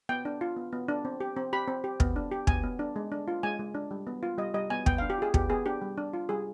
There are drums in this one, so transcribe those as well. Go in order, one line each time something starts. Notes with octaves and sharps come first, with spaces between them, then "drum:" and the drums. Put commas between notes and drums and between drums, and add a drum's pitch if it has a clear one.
B3 G5
D4
F4
B3
B3
D4
C4
G4
C4
G4 B5
C4
G4
B3, drum: kick
D4
G4
B3 G#5, drum: kick
B3
D4
G#3
D4
F4
G#3 G#5
G#3
D4
G3
B3
F4
G3 D#5
G3 D#5
B3 G#5
B3 G5, drum: kick
F5
D4
G4
F4 G#4
B3 G4, drum: kick
B3 G#4
D4 G4
G3
D4
F4
G3 G#4